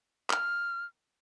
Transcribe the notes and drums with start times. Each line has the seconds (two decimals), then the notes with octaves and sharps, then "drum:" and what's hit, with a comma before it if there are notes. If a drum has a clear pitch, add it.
0.30 F6, drum: clap